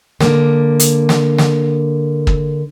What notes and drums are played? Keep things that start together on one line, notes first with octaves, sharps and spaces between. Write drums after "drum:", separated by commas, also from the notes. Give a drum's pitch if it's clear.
D3 A#3, drum: snare
drum: hi-hat
drum: snare
drum: snare
drum: kick